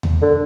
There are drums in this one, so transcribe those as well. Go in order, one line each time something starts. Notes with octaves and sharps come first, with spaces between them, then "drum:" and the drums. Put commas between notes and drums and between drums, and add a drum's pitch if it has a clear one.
drum: tom D#2
D3